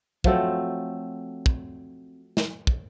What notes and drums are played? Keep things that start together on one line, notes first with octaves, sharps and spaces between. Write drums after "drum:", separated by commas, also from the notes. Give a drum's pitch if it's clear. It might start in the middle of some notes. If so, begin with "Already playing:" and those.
F3 F#3 A3 C4, drum: kick
drum: kick
drum: snare
drum: kick